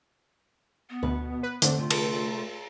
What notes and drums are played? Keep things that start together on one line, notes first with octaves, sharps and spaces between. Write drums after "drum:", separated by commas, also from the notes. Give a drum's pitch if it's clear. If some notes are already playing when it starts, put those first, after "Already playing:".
B3
D2 B2 B4
B4
E2 D3 A3 C4 D4, drum: hi-hat
C3 A3 F4
drum: cymbal